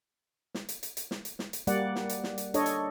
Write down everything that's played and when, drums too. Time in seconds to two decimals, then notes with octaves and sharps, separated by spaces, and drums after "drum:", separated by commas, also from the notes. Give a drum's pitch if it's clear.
0.54 drum: snare
0.69 drum: hi-hat
0.83 drum: hi-hat
0.97 drum: hi-hat
1.11 drum: snare
1.25 drum: hi-hat
1.39 drum: snare
1.53 drum: hi-hat
1.67 G3 A#3 D5 F#5, drum: hi-hat
1.95 drum: snare
2.09 drum: hi-hat
2.24 drum: snare
2.38 drum: hi-hat
2.54 D4 A4 C#5 D#5, drum: hi-hat
2.66 drum: hi-hat